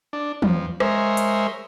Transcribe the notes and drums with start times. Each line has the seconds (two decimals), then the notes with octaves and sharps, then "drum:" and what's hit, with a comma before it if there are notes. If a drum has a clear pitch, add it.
0.13 D4
0.42 F2, drum: tom E3
0.80 G#3 A#4 C5 C#5 E5, drum: rim click
1.17 drum: hi-hat